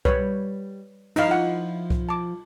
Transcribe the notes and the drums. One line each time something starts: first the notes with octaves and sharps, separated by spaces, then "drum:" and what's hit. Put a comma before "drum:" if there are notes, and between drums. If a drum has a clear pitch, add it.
G3 B4 C#5, drum: kick C2
F3 D#4 E4 F5, drum: cymbal
F#5
drum: kick C2
A5 D6